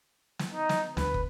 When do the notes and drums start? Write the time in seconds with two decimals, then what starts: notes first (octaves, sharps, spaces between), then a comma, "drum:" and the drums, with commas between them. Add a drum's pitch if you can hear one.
0.39 drum: snare
0.54 D#4
0.69 drum: snare
0.97 D2 B4, drum: snare
1.14 drum: kick